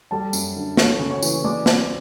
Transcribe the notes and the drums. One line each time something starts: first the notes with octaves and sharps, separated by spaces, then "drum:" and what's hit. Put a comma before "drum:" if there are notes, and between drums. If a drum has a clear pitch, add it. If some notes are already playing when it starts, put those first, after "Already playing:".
G3 A4 A5
F#2, drum: tambourine
D3
A3 C#5 C#6, drum: snare
C#3
C#5 C#6
E3, drum: tambourine
G#3 D5 D6
C4, drum: snare